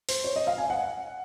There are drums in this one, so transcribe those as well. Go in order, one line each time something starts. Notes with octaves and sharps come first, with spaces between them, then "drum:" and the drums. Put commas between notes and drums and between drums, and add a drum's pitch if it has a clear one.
C5, drum: open hi-hat
C#5
D#5
F5
G#5
F#5